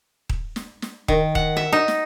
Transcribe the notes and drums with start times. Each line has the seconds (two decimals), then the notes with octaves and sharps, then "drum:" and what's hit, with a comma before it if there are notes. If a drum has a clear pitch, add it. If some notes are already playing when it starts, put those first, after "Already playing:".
0.29 drum: kick D#1
0.56 drum: snare
0.82 drum: snare
1.08 D#3, drum: kick D#1
1.35 F#5, drum: kick D#1
1.57 E5
1.73 D#4
1.88 drum: snare